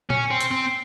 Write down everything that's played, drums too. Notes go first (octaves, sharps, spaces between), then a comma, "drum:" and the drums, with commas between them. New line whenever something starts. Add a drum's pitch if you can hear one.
C#4, drum: tom A#2
C4
drum: hi-hat
C4